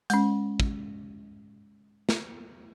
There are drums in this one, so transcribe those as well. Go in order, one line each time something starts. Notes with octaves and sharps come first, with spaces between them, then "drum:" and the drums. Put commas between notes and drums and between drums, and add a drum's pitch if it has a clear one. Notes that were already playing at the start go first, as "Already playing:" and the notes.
G#3 C#4, drum: hi-hat
drum: kick
drum: snare